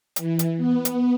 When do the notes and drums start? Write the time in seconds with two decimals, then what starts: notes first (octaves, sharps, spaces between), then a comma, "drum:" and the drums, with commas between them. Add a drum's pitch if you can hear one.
0.16 E3, drum: hi-hat
0.39 drum: hi-hat
0.58 B3
0.85 drum: hi-hat